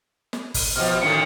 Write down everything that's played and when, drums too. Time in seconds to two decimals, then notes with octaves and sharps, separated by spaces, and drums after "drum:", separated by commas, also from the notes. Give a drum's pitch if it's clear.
0.33 drum: snare
0.54 drum: kick, open hi-hat
0.76 B2 F3 F6
1.01 A2 D3 D#3 C#7